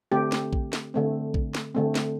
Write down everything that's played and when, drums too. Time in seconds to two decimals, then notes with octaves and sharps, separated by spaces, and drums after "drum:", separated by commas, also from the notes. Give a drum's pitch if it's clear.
0.12 D3 A3 C4 G4
0.32 drum: snare
0.53 drum: kick A#1
0.73 drum: snare
0.94 D3 A3 C4
1.34 drum: kick A#1
1.55 drum: snare
1.75 D3 A3 C4
1.95 drum: snare